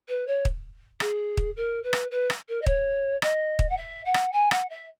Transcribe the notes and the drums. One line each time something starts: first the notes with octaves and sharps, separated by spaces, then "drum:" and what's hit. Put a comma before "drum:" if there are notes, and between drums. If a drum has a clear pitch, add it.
B4
C#5
drum: kick
G#4, drum: rim click
drum: kick
A#4
B4
drum: rim click
B4
drum: rim click
A#4
D#5
C#5, drum: kick
D#5, drum: rim click
drum: kick
F#5
E5
F#5
drum: rim click
G#5
F#5, drum: rim click
E5